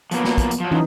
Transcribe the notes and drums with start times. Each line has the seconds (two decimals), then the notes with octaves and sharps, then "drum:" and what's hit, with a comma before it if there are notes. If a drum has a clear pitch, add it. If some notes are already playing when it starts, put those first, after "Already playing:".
0.11 F3 F#3 A#3 B3, drum: hi-hat
0.24 drum: snare
0.38 drum: kick, hi-hat
0.51 drum: hi-hat
0.60 F3 F#3
0.72 E3 C#4 D#4